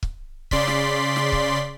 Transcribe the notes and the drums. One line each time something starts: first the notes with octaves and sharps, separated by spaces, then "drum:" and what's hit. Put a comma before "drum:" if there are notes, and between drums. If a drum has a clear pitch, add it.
drum: kick
C#3 D5 C6 B6, drum: kick
drum: snare
drum: snare
drum: kick